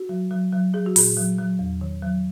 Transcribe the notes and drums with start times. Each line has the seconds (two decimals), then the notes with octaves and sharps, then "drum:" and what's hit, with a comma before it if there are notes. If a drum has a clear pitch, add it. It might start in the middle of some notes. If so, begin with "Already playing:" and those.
Already playing: F#4
0.09 F#3
0.31 F#3
0.53 F#3
0.74 F#3 G#4
0.86 F#4
0.96 A#2 G#4, drum: open hi-hat
1.17 F#3
1.38 F#3
1.59 E2
1.81 D#3
2.02 F#3